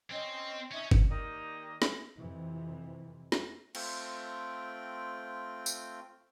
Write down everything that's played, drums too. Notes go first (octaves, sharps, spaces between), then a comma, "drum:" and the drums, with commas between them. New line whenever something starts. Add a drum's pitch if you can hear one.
C4 C#4 D#5 C6
C#4 D#4 E5
drum: kick
D#3 A#3 G4 A#4 D5 D#5
drum: snare
F2 C3 E3
drum: snare
A3 C4 F4 G5, drum: cymbal
drum: tambourine